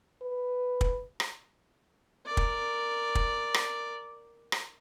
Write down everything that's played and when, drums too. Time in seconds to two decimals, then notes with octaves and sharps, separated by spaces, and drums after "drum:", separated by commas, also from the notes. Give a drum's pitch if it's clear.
0.22 B4
0.81 drum: kick
1.20 drum: rim click
2.26 A#4 D5
2.37 drum: kick
3.15 drum: kick
3.54 drum: rim click
4.52 drum: rim click